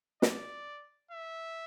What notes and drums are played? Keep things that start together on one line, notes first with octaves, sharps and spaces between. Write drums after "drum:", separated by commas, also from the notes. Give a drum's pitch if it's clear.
D5, drum: snare
E5